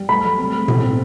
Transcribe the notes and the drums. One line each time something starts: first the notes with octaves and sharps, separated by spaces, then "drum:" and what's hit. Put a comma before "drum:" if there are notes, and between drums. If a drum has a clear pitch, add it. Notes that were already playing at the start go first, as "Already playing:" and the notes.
Already playing: G3
A3 B5
F#3
C4
A3
B2, drum: tom A2
C4